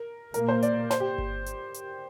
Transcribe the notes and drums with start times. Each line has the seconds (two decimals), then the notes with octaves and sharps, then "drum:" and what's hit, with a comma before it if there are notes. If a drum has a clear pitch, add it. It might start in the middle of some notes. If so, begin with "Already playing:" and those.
Already playing: A#4
0.34 A#2 A#3 A#4, drum: hi-hat
0.49 C5
0.62 D5, drum: hi-hat
0.91 C5, drum: snare
1.00 G4
1.18 drum: kick G1
1.46 drum: hi-hat
1.74 drum: hi-hat